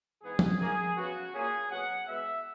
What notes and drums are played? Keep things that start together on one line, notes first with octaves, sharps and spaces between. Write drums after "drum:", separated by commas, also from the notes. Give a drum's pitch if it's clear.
G#2 E3 B3 G#4
drum: tom F3
F#2 D#3 A#3 C#4 G#4
C#3 F#3 B3 F#4
A#2 A#3 C#4 G#4
B2 F#3 C#4 F#5
B2 G#3 B3 E5